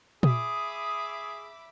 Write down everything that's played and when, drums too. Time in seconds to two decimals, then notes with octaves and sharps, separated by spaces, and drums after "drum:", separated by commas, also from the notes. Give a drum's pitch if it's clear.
0.23 G#4 E5 B5 D6 D#6, drum: tom A#2